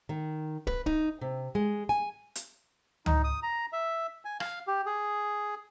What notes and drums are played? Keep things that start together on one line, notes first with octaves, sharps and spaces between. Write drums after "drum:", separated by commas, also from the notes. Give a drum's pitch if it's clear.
D#3
B4, drum: kick
D#4, drum: kick
C3
G#3
G#5
drum: hi-hat
D#4, drum: tom C#2
D#6
A#5
E5
G#5
F5, drum: rim click
G4
G#4